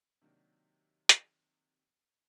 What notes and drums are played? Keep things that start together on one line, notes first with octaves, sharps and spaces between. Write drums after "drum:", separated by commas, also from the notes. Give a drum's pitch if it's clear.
C3 D#3 F#3 A#3 D4
drum: hi-hat